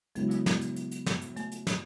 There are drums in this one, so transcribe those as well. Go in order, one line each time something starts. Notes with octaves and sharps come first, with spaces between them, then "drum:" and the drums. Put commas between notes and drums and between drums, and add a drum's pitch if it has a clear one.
C#3 F#3 G#3 B3 E4, drum: hi-hat
drum: hi-hat
drum: snare
drum: hi-hat
drum: hi-hat
drum: hi-hat
drum: snare
drum: hi-hat
A3, drum: hi-hat
drum: hi-hat
drum: snare